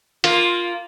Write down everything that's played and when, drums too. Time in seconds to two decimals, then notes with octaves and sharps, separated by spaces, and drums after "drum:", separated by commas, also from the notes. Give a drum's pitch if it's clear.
0.24 A#3 F4, drum: hi-hat